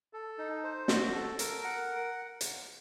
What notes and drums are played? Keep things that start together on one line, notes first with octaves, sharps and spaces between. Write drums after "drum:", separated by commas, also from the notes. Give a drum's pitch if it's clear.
A4
D#4
C5
F#4, drum: snare
A4
A#4, drum: hi-hat
F#5
drum: hi-hat